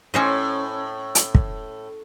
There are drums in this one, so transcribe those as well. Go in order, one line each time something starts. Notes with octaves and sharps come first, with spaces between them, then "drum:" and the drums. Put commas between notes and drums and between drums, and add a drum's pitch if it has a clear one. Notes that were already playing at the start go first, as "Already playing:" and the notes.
A2 C#4 C5 D#5
drum: hi-hat
drum: kick